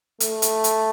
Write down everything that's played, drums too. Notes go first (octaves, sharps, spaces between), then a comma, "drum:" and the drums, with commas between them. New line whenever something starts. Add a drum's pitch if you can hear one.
A3, drum: hi-hat
drum: hi-hat
drum: hi-hat